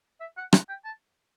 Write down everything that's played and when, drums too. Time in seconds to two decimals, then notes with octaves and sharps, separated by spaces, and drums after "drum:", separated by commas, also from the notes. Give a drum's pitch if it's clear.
0.20 E5
0.38 F#5
0.53 F#5, drum: rim click
0.69 G5
0.85 A5